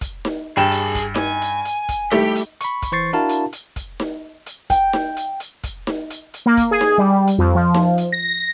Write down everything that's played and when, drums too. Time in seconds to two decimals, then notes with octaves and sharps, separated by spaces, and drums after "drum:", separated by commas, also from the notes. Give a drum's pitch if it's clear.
0.01 drum: kick, hi-hat
0.25 drum: snare D#4
0.57 G2 G#4 G5 A5 E7
0.72 drum: hi-hat
0.95 drum: kick, hi-hat
1.16 G#5, drum: snare D#4
1.42 drum: hi-hat
1.65 drum: hi-hat
1.89 drum: kick, hi-hat
2.11 G3 A3 E4 G4, drum: snare D#4
2.36 drum: hi-hat
2.61 B5 C#6, drum: hi-hat
2.82 drum: kick, hi-hat
2.92 E3 C5 C#6 A6 C7
3.13 D4 E4 F#4 A#4 F5 A5
3.29 drum: hi-hat
3.53 drum: hi-hat
3.76 drum: kick, hi-hat
4.00 drum: snare D#4
4.46 drum: hi-hat
4.70 G5, drum: kick, hi-hat
4.93 drum: snare D#4
5.17 drum: hi-hat
5.40 drum: hi-hat
5.64 drum: kick, hi-hat
5.87 drum: snare D#4
6.10 drum: hi-hat
6.34 drum: hi-hat
6.46 A#3
6.57 drum: kick, hi-hat
6.71 G#4
6.81 drum: snare D#4
6.98 G3
7.28 drum: hi-hat
7.38 F2
7.55 F3
7.74 drum: snare D#4
7.98 drum: hi-hat
8.12 A#6